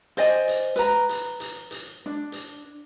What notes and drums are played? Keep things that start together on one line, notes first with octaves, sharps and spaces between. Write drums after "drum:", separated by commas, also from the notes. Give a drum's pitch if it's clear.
C5 D5 D#5 G#5, drum: hi-hat
drum: hi-hat
B4 A#5, drum: hi-hat
drum: hi-hat
drum: hi-hat
drum: hi-hat
D4
drum: hi-hat